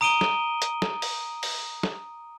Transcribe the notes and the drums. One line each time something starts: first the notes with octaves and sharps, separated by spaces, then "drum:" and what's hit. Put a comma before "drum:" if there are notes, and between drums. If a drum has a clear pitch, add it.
A#5 D#6 D7 D#7 G7
drum: snare
drum: hi-hat
drum: snare
drum: open hi-hat
drum: open hi-hat
drum: snare